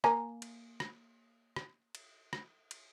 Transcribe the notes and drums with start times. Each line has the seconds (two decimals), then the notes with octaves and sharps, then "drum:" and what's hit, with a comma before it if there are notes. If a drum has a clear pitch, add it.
0.04 A#3 G#5 A#5, drum: rim click
0.42 drum: cymbal
0.80 drum: rim click
1.56 drum: rim click
1.95 drum: cymbal
2.33 drum: rim click
2.71 drum: cymbal